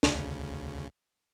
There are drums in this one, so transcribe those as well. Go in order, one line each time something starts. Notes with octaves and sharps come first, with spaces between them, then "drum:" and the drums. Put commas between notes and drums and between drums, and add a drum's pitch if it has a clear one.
D2 C#3, drum: snare